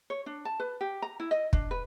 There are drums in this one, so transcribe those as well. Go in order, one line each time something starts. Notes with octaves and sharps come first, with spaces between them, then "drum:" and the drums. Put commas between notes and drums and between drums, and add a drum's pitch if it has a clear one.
C#5
D4
A5
B4
G4
A#5
E4
D#5
D4, drum: kick
B4